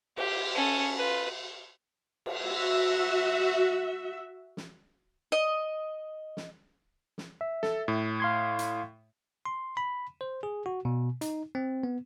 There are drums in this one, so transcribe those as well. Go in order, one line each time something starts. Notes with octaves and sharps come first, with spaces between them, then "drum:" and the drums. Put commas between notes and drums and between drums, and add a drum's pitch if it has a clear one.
G4, drum: cymbal
C#4 A4
F4 B4
drum: cymbal
F#4 E5
drum: snare
D#5
drum: snare
drum: snare
E5
A4, drum: snare
A2
F5 C6 G#6
drum: hi-hat
C6
B5
C5
G#4
F#4
B2
D#4, drum: hi-hat
C4
B3